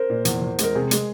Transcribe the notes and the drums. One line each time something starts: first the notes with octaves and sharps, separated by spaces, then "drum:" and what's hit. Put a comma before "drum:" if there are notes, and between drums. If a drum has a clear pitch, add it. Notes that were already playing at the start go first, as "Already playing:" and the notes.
Already playing: A#4 C5
A#2
E2, drum: hi-hat
E2
G#3 A#4, drum: hi-hat
C3 G#4
G#3, drum: hi-hat